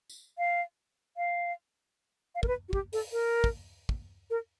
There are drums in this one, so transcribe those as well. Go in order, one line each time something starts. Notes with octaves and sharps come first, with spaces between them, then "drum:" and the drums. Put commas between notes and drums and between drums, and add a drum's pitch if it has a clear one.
drum: tambourine
F5
F5
F5
A#4, drum: kick
B4
F#4
G4, drum: kick
A4, drum: open hi-hat
A#4
drum: kick
drum: kick
A#4